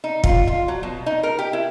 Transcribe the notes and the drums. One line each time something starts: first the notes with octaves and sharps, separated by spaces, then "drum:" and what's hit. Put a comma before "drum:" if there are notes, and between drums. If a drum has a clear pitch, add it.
D#4
F4, drum: kick
F4
F#3
B2
D#4
A#4
G4
E4